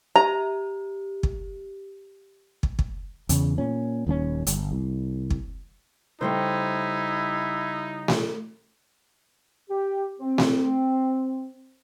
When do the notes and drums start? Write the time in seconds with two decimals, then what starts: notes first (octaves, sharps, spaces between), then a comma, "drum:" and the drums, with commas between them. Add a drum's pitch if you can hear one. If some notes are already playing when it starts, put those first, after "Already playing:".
0.16 G4 A#5
1.23 drum: kick
2.63 drum: kick
2.79 drum: kick
3.29 E2 C#3, drum: hi-hat
3.58 A#2 C#4
4.07 D#1 D#2 E3 C#4
4.47 G1, drum: hi-hat
4.72 C2
5.30 drum: kick
6.21 C#3 G3 A3 D#4 E4 C5
8.08 drum: snare A3
9.70 G4
10.20 C4
10.38 drum: snare A3